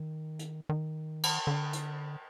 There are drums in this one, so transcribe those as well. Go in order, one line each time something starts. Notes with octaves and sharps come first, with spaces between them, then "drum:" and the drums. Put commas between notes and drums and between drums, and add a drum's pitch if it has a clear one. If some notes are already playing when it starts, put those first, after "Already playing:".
Already playing: D#3
drum: hi-hat
D#3
drum: cymbal
D3
drum: hi-hat